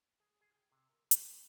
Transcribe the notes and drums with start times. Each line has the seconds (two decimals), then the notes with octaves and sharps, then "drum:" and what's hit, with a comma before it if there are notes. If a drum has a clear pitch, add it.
0.20 G#4
0.41 G#4
0.55 G5
0.72 C3
0.90 A#4
1.11 G4, drum: hi-hat